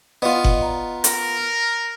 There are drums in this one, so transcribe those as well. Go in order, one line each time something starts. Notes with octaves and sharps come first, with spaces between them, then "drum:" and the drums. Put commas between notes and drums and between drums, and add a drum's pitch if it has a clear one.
B3 F4 D5 D#5
drum: kick F#1
A#5
A#4, drum: hi-hat